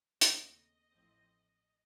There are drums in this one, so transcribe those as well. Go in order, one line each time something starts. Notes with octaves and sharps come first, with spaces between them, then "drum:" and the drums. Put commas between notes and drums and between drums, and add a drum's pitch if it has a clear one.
D#2 C#3 A3 C4 D#5, drum: hi-hat
A1 A2 F3 C4